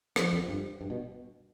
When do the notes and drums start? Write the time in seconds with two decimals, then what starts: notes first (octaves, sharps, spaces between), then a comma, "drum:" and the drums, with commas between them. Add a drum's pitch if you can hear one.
0.16 F3, drum: rim click
0.33 F2
0.48 G2
0.81 G2
0.90 B2